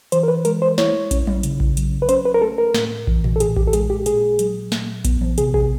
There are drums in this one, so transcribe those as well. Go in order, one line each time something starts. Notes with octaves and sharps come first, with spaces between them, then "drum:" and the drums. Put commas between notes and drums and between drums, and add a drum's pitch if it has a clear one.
E3 C5, drum: hi-hat
A#4
B4
G#3 A#4, drum: hi-hat
C5
E4 C#5, drum: snare
C#4, drum: kick A#1, hi-hat
drum: tom F#3
C#3, drum: hi-hat
drum: kick A#1
F#3, drum: hi-hat
B4
C#4 C5, drum: hi-hat
B4
A#4
A3 A4
A#4
A2, drum: snare
E3, drum: kick A#1
drum: tom A2
A4
A2 G#4, drum: hi-hat
G4, drum: kick A#1
A4
G#3 G#4, drum: hi-hat
G4
A#2 G#4, drum: hi-hat
F#3, drum: hi-hat
A#2, drum: snare
B3, drum: kick A#1, hi-hat
drum: tom E3
C3 G#4, drum: hi-hat
G#4, drum: kick A#1